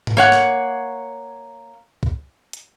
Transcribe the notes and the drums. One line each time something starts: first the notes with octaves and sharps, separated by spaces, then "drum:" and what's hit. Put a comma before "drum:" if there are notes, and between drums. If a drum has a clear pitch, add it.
drum: tom G#2
A#3 C#5 F#5
drum: rim click
drum: kick
drum: hi-hat